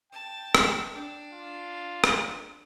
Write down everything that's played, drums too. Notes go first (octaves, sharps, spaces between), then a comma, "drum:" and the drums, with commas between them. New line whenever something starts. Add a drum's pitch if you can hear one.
G5 A5
drum: rim click
D4
F4
drum: rim click